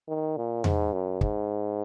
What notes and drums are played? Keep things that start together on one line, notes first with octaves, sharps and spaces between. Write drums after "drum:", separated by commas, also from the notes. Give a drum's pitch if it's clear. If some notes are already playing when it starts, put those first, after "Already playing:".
D#3
A#2
G#2, drum: tom E2
F#2
G#2, drum: kick